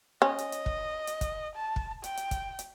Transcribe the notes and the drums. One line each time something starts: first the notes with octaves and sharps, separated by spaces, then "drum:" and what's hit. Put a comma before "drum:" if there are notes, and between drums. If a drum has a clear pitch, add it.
C#4 D#5
drum: hi-hat
drum: hi-hat
drum: kick
drum: hi-hat
drum: kick, hi-hat
A5
drum: kick
G5, drum: hi-hat
drum: hi-hat
drum: kick, hi-hat
drum: hi-hat